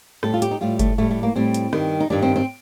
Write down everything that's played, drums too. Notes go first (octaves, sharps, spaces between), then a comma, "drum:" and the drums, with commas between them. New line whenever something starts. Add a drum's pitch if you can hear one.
A2 G3 A4, drum: rim click
F4
G4, drum: hi-hat
D#4
A2 G3 F4
A3, drum: kick F#1, hi-hat
A2 G3 A3
A3
A#3
A2 G3 C4
drum: hi-hat
G2 D#3 G3, drum: rim click
D#4
G2 D#3 G3 D4
C4
C4